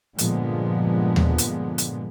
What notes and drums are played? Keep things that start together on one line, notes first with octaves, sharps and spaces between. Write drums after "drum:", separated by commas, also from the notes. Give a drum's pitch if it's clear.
G2 A#2 D3 F3 G#3 B3, drum: hi-hat
drum: tom D#2
drum: hi-hat
drum: hi-hat